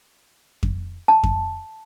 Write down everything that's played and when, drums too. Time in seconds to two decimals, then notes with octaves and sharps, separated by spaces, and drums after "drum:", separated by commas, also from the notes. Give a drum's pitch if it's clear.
0.63 drum: kick F2
1.08 A5
1.23 drum: kick F2